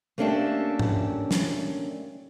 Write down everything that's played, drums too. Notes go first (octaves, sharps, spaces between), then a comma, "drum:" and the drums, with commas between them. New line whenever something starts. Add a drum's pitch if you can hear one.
A3 A#3 C#4 D4 G4 E5
drum: tom G#2
drum: snare